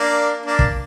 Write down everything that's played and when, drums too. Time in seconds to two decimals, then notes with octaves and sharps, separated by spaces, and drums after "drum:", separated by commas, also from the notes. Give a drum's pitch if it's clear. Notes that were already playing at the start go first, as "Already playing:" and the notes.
Already playing: A#3 D4
0.46 A#3 D4
0.59 drum: kick